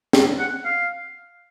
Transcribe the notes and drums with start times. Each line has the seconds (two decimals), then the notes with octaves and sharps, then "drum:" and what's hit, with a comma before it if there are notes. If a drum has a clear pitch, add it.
0.13 drum: snare
0.39 F#5
0.65 F5